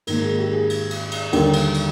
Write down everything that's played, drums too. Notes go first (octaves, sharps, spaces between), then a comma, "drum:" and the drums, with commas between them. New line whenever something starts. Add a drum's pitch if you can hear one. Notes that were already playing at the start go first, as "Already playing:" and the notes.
G#2 D#3 A#3 A#4, drum: cymbal
G#4
G4
G#4
drum: cymbal
drum: cymbal
drum: cymbal
D#2 D3 G3 A#3 G4, drum: cymbal
drum: cymbal
drum: cymbal